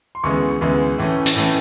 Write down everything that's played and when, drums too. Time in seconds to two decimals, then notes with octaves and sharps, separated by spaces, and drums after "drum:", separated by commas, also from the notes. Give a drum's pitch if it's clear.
0.15 C6
0.24 D2 C#3 E3 G#3 B3 C#6
0.61 D2 C#3 E3 G#3 B3
0.98 A2 E3 A3 C#4
1.26 drum: hi-hat
1.36 A2 E3 A3 C#4